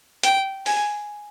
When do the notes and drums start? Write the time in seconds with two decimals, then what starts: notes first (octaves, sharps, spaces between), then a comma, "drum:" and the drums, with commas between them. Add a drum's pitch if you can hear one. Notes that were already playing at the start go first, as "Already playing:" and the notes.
0.23 G5, drum: hi-hat
0.66 G#5, drum: open hi-hat